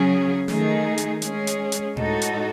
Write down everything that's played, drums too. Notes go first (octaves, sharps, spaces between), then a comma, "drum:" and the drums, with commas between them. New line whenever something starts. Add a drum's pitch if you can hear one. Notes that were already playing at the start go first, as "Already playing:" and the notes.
Already playing: C#3 F#3 C#4 G#4
D#3 A3 D#4 G#4, drum: snare
drum: hi-hat
G#3 C#4 G#4, drum: hi-hat
drum: hi-hat
drum: hi-hat
A2 G#3 D#4 F#4 A4, drum: tom A2
drum: hi-hat